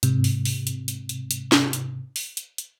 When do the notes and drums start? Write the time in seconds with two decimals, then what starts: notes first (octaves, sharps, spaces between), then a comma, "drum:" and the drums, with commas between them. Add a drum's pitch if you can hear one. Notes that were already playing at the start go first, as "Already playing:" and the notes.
0.03 G#2 C3, drum: hi-hat
0.24 drum: open hi-hat
0.45 drum: open hi-hat
0.67 drum: hi-hat
0.88 drum: hi-hat
1.09 drum: hi-hat
1.31 drum: hi-hat
1.52 drum: snare
1.73 drum: hi-hat
2.16 drum: open hi-hat
2.37 drum: hi-hat
2.58 drum: hi-hat